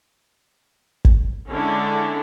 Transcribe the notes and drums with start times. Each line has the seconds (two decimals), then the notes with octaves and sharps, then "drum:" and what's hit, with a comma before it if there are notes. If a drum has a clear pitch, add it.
1.05 drum: kick
1.48 D3 G#3 C#4 D4 E4